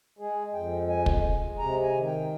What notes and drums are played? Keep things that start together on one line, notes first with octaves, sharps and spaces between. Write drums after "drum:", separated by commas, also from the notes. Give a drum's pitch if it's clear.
G#3 G#4
F2 G5
G#3 G#5
drum: kick
G#3
C3 A#5
G#5
D#3
G5